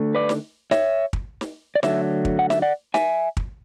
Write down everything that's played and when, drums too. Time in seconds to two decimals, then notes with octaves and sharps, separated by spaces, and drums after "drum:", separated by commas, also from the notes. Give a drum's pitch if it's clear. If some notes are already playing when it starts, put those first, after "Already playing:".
Already playing: D3 A3
0.15 B4 D5
0.29 drum: snare
0.71 C#5 E5, drum: snare
1.13 drum: kick
1.41 drum: snare
1.75 D5
1.83 D3 F#3 A3 C#5 E5, drum: snare
2.25 drum: kick
2.39 F#5
2.50 E5, drum: snare
2.62 D5 F#5
2.94 E5 G#5, drum: snare
3.37 drum: kick